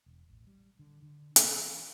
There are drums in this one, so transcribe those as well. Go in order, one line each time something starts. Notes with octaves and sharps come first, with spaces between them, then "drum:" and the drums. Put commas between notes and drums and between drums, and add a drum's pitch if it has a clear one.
E1
A1
G3
D3
D3
C3, drum: hi-hat
E3